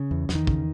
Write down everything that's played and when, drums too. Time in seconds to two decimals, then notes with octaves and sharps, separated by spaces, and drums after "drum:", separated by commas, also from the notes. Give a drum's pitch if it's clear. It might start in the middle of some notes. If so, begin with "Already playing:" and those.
Already playing: C#3
0.11 E2
0.29 E2, drum: snare
0.35 D#3
0.47 C#3, drum: kick